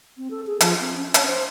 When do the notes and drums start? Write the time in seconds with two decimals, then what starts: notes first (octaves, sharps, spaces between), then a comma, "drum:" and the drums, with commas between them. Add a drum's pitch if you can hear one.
0.18 C4
0.31 A4
0.47 G#4
0.61 F3, drum: hi-hat
0.81 C4
0.94 C#4
1.14 C#5, drum: hi-hat
1.27 C5